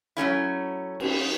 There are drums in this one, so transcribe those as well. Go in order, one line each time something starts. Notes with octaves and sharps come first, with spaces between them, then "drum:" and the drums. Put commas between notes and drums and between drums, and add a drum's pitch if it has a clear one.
F#3 A3 C#4 E4
drum: cymbal